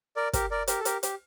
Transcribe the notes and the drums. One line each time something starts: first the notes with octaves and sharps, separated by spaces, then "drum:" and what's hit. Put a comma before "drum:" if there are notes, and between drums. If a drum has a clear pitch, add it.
A#4 D5
G4 A#4, drum: kick, hi-hat
A#4 D5
G4 A#4, drum: hi-hat
A4
G4 A#4, drum: hi-hat
G4, drum: hi-hat